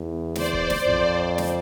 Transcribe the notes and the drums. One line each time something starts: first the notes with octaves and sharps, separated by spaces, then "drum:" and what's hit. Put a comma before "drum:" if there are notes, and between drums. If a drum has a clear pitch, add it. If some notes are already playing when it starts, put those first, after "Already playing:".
Already playing: E2
C5 D5, drum: snare
drum: kick
drum: snare
F2, drum: tom A#1
drum: snare